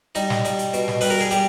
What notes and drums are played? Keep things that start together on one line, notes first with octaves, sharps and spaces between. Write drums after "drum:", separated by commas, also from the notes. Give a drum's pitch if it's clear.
G3 D#4, drum: hi-hat
drum: snare
G3, drum: hi-hat
drum: hi-hat
B2, drum: hi-hat
drum: snare
G3 B4, drum: open hi-hat
A#4
G#4
G3 G4, drum: hi-hat